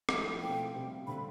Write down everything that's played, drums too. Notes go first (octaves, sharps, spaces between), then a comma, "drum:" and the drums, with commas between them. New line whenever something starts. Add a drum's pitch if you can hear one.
F3 A3 E4, drum: rim click
B2 A3 C4 F4 G5
C3 G3 C4 F4
D3 G3 C4 F4 B5